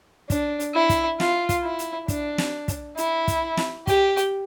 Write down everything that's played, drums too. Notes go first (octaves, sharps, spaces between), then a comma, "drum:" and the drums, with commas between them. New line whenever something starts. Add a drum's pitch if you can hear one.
D4, drum: kick, hi-hat
drum: hi-hat
E4
drum: kick, hi-hat
F4, drum: snare
drum: kick, hi-hat
E4
drum: hi-hat
D4, drum: kick, hi-hat
drum: snare
drum: kick, hi-hat
E4, drum: hi-hat
drum: kick, hi-hat
drum: snare
G4, drum: kick, hi-hat
drum: hi-hat